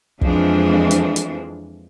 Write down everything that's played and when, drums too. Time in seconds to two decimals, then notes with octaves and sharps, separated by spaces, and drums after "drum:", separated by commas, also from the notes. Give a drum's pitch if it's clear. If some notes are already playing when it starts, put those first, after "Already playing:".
0.21 F2 E3 F3 G#3 D4, drum: kick
0.91 drum: hi-hat
1.16 drum: hi-hat